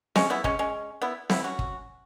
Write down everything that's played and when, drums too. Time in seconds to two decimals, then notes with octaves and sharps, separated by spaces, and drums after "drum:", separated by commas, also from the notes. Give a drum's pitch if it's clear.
0.16 G#3 C#4, drum: snare C4
0.30 B3 E4
0.44 G#3 C#4, drum: kick
0.59 G#3 C#4
1.02 B3 E4
1.30 B3 E4, drum: snare C4
1.44 C#4 F#4
1.59 drum: kick